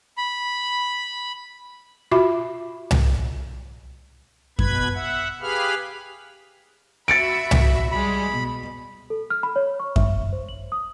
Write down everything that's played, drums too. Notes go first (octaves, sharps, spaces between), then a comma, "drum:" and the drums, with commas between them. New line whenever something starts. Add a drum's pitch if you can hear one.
B5
F4 F#4 E5 B5 D6
drum: tom C2
B2 B4 B5 G#6, drum: kick F#2
E5 F#5
G4 G#4 B4 F5 B5 F6
F#4 E5 B5 A6 C#7 D7
drum: tom C2
G3 G#3 B5
B2
A4
F6
B5
C#5
C#6
E5, drum: kick F#2
C5
F#7
D#6